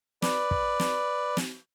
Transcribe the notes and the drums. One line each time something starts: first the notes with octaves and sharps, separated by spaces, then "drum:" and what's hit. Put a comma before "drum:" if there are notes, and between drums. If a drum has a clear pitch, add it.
B4 D5, drum: snare
drum: kick
drum: snare
drum: snare